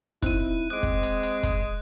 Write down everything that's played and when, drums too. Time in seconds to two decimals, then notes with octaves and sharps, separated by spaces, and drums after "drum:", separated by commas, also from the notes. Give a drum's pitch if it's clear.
0.22 C4 D#4 E4 F#6 D#7, drum: kick, hi-hat
0.70 G#3 C4 D#5 D6 D#6 F#6 D7
0.83 drum: kick
1.03 drum: hi-hat
1.23 drum: hi-hat
1.43 drum: kick, hi-hat